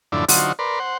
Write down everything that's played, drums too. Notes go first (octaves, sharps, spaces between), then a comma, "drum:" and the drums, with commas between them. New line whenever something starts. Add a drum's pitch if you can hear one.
F#2 A2 D3 F3 D4 E4
D3 F#3 D#4 F4 F#4 C5, drum: open hi-hat
A#4 B4 D5 C6
C5 F#5